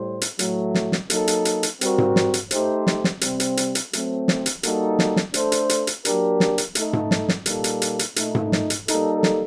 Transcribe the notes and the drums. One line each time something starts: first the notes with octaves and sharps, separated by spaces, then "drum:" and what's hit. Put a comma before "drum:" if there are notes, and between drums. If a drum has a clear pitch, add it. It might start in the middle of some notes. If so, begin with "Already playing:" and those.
Already playing: A2 G3 C5
drum: hi-hat
A2 F#3 A3, drum: hi-hat
drum: snare
drum: snare
F#3 A#3 D#4 A4, drum: hi-hat
drum: hi-hat
drum: hi-hat
drum: hi-hat
G3 C4 F#4 A#4, drum: hi-hat
drum: tom G#2
drum: snare
drum: hi-hat
A3 D#4 G4 C5, drum: hi-hat
drum: snare
drum: snare
C3 G3 C4, drum: hi-hat
drum: hi-hat
drum: hi-hat
drum: hi-hat
F#3 A3 C4, drum: hi-hat
drum: snare
drum: hi-hat
G3 A#3 D#4 F#4 A4, drum: hi-hat
drum: snare
drum: snare
A3 D4 A4 C5, drum: hi-hat
drum: hi-hat
drum: hi-hat
drum: hi-hat
F#3 A#3 D4 G4 A#4, drum: hi-hat
drum: snare
drum: hi-hat
A3 D#4 A4, drum: hi-hat
drum: tom G#2
drum: snare
drum: snare
A#2 G3 A#3 D#4 A4, drum: hi-hat
drum: hi-hat
drum: hi-hat
drum: hi-hat
A#2 A3 D#4, drum: hi-hat
drum: tom G#2
drum: snare
drum: hi-hat
G3 A#3 D#4 A4, drum: hi-hat
drum: snare